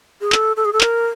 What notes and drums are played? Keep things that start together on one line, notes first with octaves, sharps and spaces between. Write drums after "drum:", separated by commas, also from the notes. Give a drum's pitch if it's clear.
G#4
A4, drum: clap
A4
G#4
A4
A#4, drum: clap